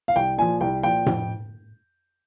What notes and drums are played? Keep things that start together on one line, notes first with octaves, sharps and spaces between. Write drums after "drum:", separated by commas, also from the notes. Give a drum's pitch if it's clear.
F5
C2 G5
A#2 F3 G#5
C2 G5
A#2 F3 G5
F2, drum: tom A2